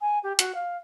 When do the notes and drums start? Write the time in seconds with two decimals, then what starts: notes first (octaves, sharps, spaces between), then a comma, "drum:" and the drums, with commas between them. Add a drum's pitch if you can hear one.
0.01 G#5
0.23 G4
0.39 F#4, drum: hi-hat
0.55 F5